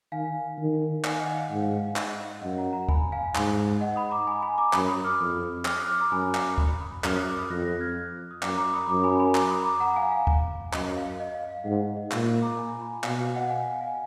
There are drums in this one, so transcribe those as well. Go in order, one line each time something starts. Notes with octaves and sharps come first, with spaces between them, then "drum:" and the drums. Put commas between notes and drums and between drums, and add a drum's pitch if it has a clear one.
D#3 F5 G#5
D#3
F5 G#5, drum: clap
D#5 F#5
F5
G#2 D#5 F#5
F5
F5
F5 G#5
D#5 F#5, drum: clap
F5
F#2 D#5 F#5
F#5 A#5
F#5 A#5
G#5 B5, drum: kick D2
F5 G#5
G#2, drum: clap
D#5 F#5
B5 D#6
A#5 D6
G#5 B5
G#5 B5
A#5 D6
F#2 B5 D#6, drum: clap
B5 D#6
D6 F6
F2
D6 F6, drum: clap
D#6 F#6
D6 F6
A#5 D6
F#2 G#5 B5
A#5 D6, drum: clap
B5 D#6, drum: kick D2
B5 D#6
F#2 D6 F6, drum: clap
D#6 F#6
D6 F6
B5 D#6
F2 F#6 A#6
F#6 A#6
F6 G#6
D#6
F#2 A#5 D6, drum: clap
A#5 D6
B5 D#6
F#2 A#5 D6
G#5 B5
G#5 B5
A#5 D6, drum: clap
B5 D#6
A#5 D6
F#5 A#5
F5 G#5
F5
drum: kick D2
F#2 D#5, drum: clap
F5
D#5
F5
F5
G#2 D#5 F#5
D#5
A#2 F5, drum: clap
F5
A#5 D6
G#5 B5
G#5 B5
B2 F5 G#5, drum: clap
F5
D#5 F#5
F5 G#5
F5 G#5